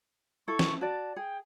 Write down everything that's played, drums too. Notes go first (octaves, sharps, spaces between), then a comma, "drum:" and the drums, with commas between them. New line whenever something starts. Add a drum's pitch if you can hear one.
E4 A4 C#6
drum: snare
F#4 D5 A5
G#4 G5